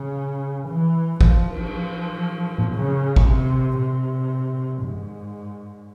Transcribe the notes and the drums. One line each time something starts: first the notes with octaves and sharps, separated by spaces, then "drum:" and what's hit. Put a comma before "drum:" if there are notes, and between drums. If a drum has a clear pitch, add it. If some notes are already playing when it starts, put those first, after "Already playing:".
Already playing: C#3
E3
F3, drum: kick
drum: cymbal
F3
drum: tom G#2
C#3
drum: kick
C3
C3
G#2, drum: tom G2